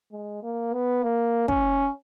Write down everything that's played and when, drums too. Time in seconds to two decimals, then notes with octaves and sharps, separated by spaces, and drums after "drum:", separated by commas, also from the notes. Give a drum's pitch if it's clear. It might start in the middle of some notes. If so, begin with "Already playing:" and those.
0.12 G#3
0.43 A#3
0.73 B3
1.03 A#3
1.48 C#4, drum: kick